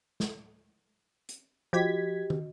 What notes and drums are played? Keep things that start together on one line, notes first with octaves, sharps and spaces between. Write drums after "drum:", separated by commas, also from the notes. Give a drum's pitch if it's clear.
drum: snare
drum: hi-hat
F3 F#4 G4 D#5 G#6 B6
drum: tom